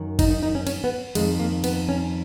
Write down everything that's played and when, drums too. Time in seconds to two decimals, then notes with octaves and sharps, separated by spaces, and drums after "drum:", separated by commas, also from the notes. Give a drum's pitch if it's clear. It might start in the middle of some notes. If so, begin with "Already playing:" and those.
Already playing: F#2 D#3
0.19 D#4, drum: kick G1, cymbal
0.30 D#4
0.43 D#4
0.55 C#4
0.67 C#4, drum: cymbal
0.84 B3
1.15 F2 D#3 G#3, drum: cymbal
1.40 A#3
1.64 B3, drum: cymbal
1.89 C#4